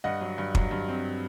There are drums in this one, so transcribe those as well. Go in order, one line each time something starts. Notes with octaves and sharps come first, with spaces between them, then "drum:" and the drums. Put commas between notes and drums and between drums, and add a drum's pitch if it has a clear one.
G2 D#5 F#5
F#3
G2
F#3, drum: kick
G2
C4